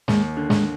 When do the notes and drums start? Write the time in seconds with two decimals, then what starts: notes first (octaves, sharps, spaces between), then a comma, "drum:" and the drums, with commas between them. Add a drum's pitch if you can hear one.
0.08 D#2 G#3, drum: snare
0.37 D3
0.50 G#3, drum: snare